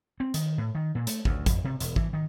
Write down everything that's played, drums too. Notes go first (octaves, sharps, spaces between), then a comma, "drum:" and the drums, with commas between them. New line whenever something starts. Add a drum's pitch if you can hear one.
C4
D#3, drum: hi-hat
A2
D#3
A#2
A3, drum: hi-hat
D2, drum: kick
F2, drum: kick, hi-hat
C3
E1, drum: hi-hat
E3, drum: kick
D#3